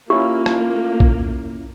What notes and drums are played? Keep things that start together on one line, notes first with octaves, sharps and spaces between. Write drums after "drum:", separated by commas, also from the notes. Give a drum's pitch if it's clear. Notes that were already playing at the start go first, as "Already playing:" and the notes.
A#3 C#4 E4 F4 G4
drum: rim click
drum: kick A#1